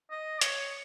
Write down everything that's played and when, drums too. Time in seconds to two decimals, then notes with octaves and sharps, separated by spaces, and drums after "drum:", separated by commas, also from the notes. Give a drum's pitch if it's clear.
0.11 D#5
0.41 C#5, drum: hi-hat